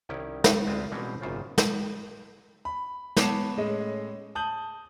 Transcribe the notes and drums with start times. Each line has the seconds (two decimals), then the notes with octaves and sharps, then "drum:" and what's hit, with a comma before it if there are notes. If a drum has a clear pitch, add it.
0.09 C2 D#3 G3 C#4 E4 G5
0.44 drum: snare
0.67 D2 G#3 C4 F4 B4 E5
0.92 B2 E3 G3 G#3 C4 C#4
1.21 G#1 F#2 A#2 C#3 F4 C5
1.58 drum: snare
2.65 B5
3.17 B3 C#5 A5 D6 C7 E7, drum: snare
3.57 A2 G#3 C#4 D#5
4.35 A5 D#6 G6 F#7